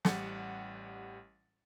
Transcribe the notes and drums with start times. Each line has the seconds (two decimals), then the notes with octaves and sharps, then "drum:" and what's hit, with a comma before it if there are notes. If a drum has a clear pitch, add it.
0.05 A1 G3 F#5 A6 C#7, drum: snare